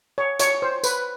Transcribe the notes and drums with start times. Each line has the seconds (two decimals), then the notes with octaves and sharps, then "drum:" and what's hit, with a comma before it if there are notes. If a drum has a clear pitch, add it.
0.18 C#5
0.40 C#5, drum: hi-hat
0.62 C5
0.84 B4, drum: tambourine